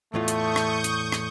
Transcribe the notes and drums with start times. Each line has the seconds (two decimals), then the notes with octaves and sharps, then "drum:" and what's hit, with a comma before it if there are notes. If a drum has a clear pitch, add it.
0.14 E2 A2 A3 F4 C#6 D#6 G6
0.28 drum: hi-hat
0.56 drum: rim click
0.84 drum: hi-hat
1.12 drum: rim click